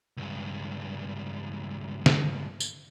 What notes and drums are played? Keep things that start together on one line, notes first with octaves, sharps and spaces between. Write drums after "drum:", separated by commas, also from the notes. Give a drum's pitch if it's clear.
C#2 G2
drum: snare
drum: tambourine